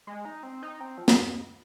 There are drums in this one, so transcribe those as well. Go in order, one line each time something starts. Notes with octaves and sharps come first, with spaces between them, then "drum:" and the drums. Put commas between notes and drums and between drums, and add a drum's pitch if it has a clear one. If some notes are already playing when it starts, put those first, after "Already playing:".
G#3
D#4
C4
D#4
C4
F3
G#3, drum: snare